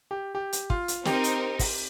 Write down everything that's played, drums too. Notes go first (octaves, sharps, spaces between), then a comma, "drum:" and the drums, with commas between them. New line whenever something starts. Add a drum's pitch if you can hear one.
G4
G4
drum: hi-hat
F4, drum: kick
drum: hi-hat
C4 D#4 G4 A#4, drum: snare
drum: hi-hat
drum: kick, open hi-hat